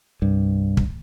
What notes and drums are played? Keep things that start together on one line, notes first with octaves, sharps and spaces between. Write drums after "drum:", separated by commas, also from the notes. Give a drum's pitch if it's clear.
C2 G2
drum: kick